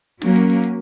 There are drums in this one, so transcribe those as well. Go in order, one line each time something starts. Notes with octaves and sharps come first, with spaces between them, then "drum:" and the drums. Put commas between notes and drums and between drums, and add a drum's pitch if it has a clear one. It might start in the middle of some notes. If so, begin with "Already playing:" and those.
F#3 A#3 C#4, drum: snare
drum: hi-hat
drum: hi-hat
drum: hi-hat